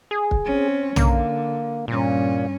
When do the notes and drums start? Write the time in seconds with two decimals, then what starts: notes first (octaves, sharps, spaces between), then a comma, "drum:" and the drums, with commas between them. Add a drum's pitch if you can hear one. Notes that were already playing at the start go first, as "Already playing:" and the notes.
0.11 G#4
0.31 drum: kick
0.45 C4 C#4
0.96 D3 A#3, drum: tom
1.88 G2 A#2 C#4